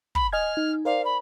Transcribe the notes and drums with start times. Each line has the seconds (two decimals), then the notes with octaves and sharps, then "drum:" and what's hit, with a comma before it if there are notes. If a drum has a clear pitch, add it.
0.15 B5, drum: kick
0.32 D#5 G#5 F6 G#6
0.57 D#4
0.85 A#4 C5 D5 F5
1.05 B5